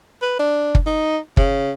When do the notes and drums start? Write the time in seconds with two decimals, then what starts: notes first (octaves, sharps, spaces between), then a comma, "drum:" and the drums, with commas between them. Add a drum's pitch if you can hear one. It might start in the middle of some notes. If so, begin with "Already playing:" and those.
0.22 B4
0.39 D4
0.75 drum: kick
0.86 D#4
1.37 C#3, drum: kick